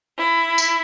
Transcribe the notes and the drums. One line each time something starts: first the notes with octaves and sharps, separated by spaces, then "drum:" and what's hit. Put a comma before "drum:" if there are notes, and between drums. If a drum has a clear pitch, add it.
E4
drum: tambourine